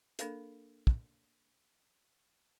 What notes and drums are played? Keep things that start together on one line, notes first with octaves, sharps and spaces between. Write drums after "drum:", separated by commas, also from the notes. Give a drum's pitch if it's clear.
A#3 D4 A4 A#4 F5, drum: hi-hat
drum: kick